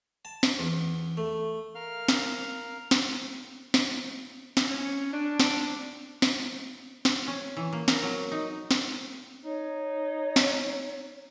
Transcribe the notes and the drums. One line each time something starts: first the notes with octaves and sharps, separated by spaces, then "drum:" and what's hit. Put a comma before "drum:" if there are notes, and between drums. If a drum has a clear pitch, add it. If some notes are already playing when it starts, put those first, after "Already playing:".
A5
drum: snare
E2
A3
A#4 F5 F6
drum: snare
drum: snare
drum: snare
drum: snare
C#4
D4
drum: snare
drum: snare
drum: snare
C#4
E3
A#3
A#4, drum: snare
F#3
D#4
drum: snare
D#4 C#5
drum: snare